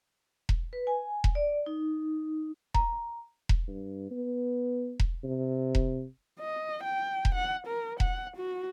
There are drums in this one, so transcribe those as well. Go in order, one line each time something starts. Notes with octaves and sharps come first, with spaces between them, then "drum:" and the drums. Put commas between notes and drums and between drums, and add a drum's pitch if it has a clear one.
drum: kick E1
B4
G#5
drum: kick E1
D5
D#4
A#5, drum: kick E1
drum: kick E1
G2
B3
drum: kick E1
C3
drum: kick E1
D#5
G5
drum: kick E1
F#5
A#4
F#5, drum: kick E1
F#4